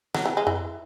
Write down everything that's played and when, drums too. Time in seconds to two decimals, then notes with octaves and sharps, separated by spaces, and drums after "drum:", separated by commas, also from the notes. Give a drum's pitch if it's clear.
0.15 F#3, drum: snare
0.25 E3
0.37 G#3
0.47 E3, drum: tom F2